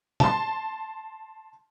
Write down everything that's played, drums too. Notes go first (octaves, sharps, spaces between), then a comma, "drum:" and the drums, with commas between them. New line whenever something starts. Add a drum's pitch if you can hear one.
A5 C6, drum: tom